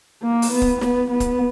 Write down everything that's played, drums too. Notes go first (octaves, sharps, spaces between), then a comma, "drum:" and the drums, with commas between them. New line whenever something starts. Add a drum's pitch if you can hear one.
A#3
drum: open hi-hat
B3
drum: kick
B3, drum: snare
B3
drum: kick, hi-hat